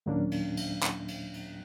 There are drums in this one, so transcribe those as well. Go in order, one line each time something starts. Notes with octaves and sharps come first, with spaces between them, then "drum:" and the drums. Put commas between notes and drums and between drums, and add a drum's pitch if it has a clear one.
D#2 A#2 F#3 A#3 C#4 D4
drum: cymbal
drum: cymbal
drum: clap
drum: cymbal
drum: cymbal